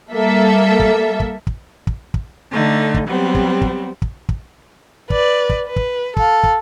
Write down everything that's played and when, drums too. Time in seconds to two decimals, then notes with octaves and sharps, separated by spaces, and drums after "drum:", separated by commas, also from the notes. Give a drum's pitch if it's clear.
0.12 G3 A#3 A4 E5
0.80 drum: kick
1.20 drum: kick
1.47 drum: kick
1.87 drum: kick
2.14 drum: kick
2.51 D3 A3 D#4
2.94 drum: kick
3.08 F#3 G3 B3 C4
3.35 drum: kick
3.62 drum: kick
4.02 drum: kick
4.29 drum: kick
5.10 B4 D5, drum: kick
5.49 drum: kick
5.67 B4
5.76 drum: kick
6.17 A4 F5, drum: kick
6.43 drum: kick